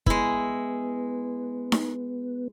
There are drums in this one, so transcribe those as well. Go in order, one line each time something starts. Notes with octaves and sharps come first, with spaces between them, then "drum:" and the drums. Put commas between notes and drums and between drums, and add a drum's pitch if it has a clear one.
G#3 B3 E4, drum: kick
drum: snare D#4